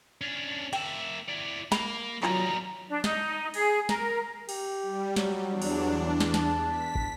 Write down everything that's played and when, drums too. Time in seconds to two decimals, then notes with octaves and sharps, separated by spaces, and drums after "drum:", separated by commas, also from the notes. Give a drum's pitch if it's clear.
0.21 C#4 D4
0.73 A#3 E5 G5, drum: cymbal
1.28 E4 D5
1.72 A#3 B5, drum: snare
2.23 F#3 G3 F4 D#5 A#5, drum: clap
2.88 D4
3.04 D#4, drum: snare
3.54 G#4, drum: open hi-hat
3.89 A#4, drum: snare
4.49 G4, drum: cymbal
4.83 G3
5.16 F#3, drum: snare
5.49 E2 D4
5.62 drum: cymbal
6.20 drum: snare
6.34 A5, drum: snare
6.67 B6
6.95 drum: kick